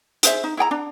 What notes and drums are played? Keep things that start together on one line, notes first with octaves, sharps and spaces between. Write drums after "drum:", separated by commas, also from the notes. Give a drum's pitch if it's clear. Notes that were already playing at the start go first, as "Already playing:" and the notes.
G#4 C5 E5, drum: hi-hat
D#4
E4 G#4 G5 A#5
D4